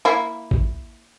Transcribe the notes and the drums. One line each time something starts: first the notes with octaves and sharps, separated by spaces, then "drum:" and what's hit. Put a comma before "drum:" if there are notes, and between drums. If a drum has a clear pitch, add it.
A#3 E4
drum: kick A1